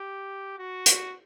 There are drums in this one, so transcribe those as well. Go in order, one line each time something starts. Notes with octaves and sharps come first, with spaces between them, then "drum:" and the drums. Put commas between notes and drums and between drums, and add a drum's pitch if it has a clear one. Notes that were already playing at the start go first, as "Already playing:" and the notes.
Already playing: G4
F#4
drum: hi-hat